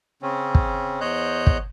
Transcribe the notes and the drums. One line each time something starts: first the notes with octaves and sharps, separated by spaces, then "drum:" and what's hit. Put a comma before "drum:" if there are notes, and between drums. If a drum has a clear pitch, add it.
C#3 C4 C#4
drum: kick
E2 C5 C#5 D#5 F#6 G6
drum: kick